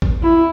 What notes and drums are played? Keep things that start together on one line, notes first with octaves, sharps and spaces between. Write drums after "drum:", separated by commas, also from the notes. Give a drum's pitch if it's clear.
drum: kick
E4